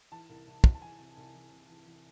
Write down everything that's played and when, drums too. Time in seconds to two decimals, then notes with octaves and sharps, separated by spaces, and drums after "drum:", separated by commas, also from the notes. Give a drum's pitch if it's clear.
0.12 E3 A5
0.29 C2
0.47 C2
0.64 C2, drum: kick
0.74 A5
0.82 E3 G#5
0.99 C3
1.17 C2
1.34 E3
1.51 C3
1.69 E3
1.86 E3